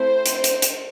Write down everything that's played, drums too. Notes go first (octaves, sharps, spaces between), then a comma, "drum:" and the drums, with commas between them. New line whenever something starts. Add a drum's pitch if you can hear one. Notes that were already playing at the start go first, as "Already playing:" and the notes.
Already playing: A3 C4 E4 C5
drum: hi-hat
drum: hi-hat
drum: hi-hat